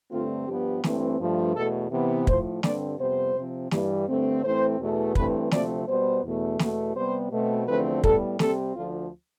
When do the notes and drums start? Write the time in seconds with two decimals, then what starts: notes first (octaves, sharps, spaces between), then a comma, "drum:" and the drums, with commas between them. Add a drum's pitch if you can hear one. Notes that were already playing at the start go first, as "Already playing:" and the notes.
0.11 G2 D3 A3 C4 F4
0.47 G2 F3 B3 G4
0.84 G2 E3 A3 C4, drum: snare
1.19 G2 F3 A3
1.55 E2 B2 A3 A4
1.91 C3 E3 B3
2.27 A2 F3 A3 C5, drum: kick
2.63 G2 D3 G3 C4 D5, drum: snare
2.99 F2 C3 G3 B3 C5
3.35 C3 F3 C4
3.71 G2 E3 G3, drum: snare
4.08 G2 D3 A3 C4
4.43 A2 E3 A3 C4 C5
4.79 E2 B2 A3
5.15 G2 E3 A3 C4 B4, drum: kick
5.51 D2 C3 F3 A3 C4 D5, drum: snare
5.87 B2 G3 B3 C5
6.23 E2 B2 A3
6.59 E2 B2 A3, drum: snare
6.95 C3 G3 B3 C5
7.31 B2 A3 C4
7.67 E2 D3 F3 A3 C4 B4
8.04 A2 G3 B3 A4, drum: kick
8.39 C3 G3 C4 A4, drum: snare
8.75 D2 D3 F3 F4